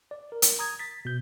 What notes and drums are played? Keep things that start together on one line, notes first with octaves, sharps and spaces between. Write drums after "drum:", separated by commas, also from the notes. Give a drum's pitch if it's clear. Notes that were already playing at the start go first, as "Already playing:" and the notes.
D5
A#4
drum: hi-hat
A#5 D#6 G#6
A6 B6
B2 G6